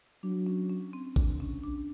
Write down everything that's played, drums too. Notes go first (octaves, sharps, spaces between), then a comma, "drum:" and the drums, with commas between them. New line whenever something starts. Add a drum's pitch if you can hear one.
F#3 D4
C#4
C#4
C4
D4, drum: kick A1, open hi-hat
C#4
D4